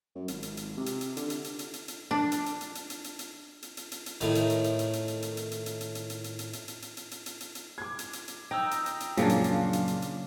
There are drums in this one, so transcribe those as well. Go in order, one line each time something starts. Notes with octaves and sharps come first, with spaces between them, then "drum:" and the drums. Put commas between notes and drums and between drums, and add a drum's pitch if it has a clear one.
F#2
G#1, drum: hi-hat
drum: hi-hat
drum: hi-hat
C3
drum: hi-hat
drum: hi-hat
D3, drum: hi-hat
drum: hi-hat
drum: hi-hat
drum: hi-hat
drum: hi-hat
drum: hi-hat
D4
drum: hi-hat
drum: hi-hat
drum: hi-hat
drum: hi-hat
drum: hi-hat
drum: hi-hat
drum: hi-hat
drum: hi-hat
drum: hi-hat
drum: hi-hat
drum: hi-hat
A2 D#3, drum: hi-hat
drum: hi-hat
drum: hi-hat
drum: hi-hat
drum: hi-hat
drum: hi-hat
drum: hi-hat
drum: hi-hat
drum: hi-hat
drum: hi-hat
drum: hi-hat
drum: hi-hat
drum: hi-hat
drum: hi-hat
drum: hi-hat
drum: hi-hat
drum: hi-hat
drum: hi-hat
drum: hi-hat
drum: hi-hat
drum: hi-hat
drum: hi-hat
drum: hi-hat
drum: hi-hat
D6 G#6
drum: hi-hat
drum: hi-hat
drum: hi-hat
D#4 G5 A#5 E6
drum: hi-hat
drum: hi-hat
drum: hi-hat
A#1 F#2 A#2 C#3 A#3 D4 F4 F5, drum: hi-hat
drum: hi-hat
drum: hi-hat
drum: hi-hat
drum: hi-hat
drum: hi-hat